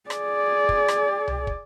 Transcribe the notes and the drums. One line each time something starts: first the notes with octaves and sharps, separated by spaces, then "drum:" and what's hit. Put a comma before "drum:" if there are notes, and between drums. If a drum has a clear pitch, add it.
G#4 D5, drum: rim click
drum: kick
drum: rim click
drum: tom C2
drum: kick